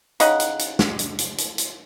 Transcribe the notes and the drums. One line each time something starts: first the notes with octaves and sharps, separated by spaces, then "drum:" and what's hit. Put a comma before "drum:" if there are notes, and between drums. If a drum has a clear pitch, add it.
C#3 D#4 D#5 F#5, drum: hi-hat
drum: hi-hat
drum: hi-hat
drum: snare
drum: hi-hat
drum: hi-hat
drum: hi-hat
drum: hi-hat